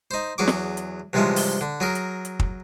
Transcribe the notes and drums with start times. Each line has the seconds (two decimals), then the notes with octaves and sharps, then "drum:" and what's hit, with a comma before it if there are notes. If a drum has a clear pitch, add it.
0.11 D#4 C5
0.38 E2 F#3 G#4 C#6 D6
0.48 drum: snare
0.77 drum: hi-hat
1.13 G2 C3 E3 F3 G#3 C#4
1.36 drum: open hi-hat
1.61 D3
1.80 F#3 G#4 A#4
1.95 drum: hi-hat
2.25 drum: hi-hat
2.39 drum: kick